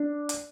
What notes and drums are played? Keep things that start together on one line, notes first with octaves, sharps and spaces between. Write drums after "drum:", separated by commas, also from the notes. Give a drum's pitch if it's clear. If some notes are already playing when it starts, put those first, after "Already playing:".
Already playing: D4
drum: hi-hat